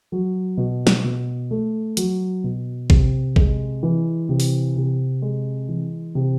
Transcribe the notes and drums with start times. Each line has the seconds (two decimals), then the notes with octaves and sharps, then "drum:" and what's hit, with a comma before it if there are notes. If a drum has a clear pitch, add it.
0.12 F#3
0.57 B2
0.87 drum: snare
1.04 B2
1.51 A3
1.97 F#3, drum: hi-hat
2.44 B2
2.90 C3, drum: kick A1
3.36 G#3, drum: kick A1
3.83 E3
4.29 C3
4.40 drum: open hi-hat
4.76 C3
5.22 G#3
5.68 E3
6.15 C3